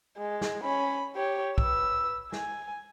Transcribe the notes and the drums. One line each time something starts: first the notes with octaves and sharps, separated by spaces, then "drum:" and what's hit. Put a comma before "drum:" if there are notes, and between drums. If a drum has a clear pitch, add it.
G#3
drum: snare
C#4 B5
G4 C#5
B4 E6, drum: kick
G#5, drum: snare